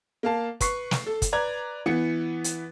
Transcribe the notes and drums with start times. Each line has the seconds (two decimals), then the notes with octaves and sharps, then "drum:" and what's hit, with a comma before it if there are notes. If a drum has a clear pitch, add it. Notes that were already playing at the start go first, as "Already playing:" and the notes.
0.23 A#3 F5 A5
0.61 B4 C#6 C7, drum: kick, hi-hat
0.91 drum: snare
1.06 A4
1.22 drum: kick, hi-hat
1.33 B4 D5 A#5 G#6
1.86 E3 B3 C#7
2.44 drum: hi-hat